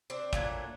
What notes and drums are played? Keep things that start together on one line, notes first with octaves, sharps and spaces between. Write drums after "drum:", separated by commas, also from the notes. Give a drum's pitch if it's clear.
C4 D4
A#2 F#3 A3, drum: kick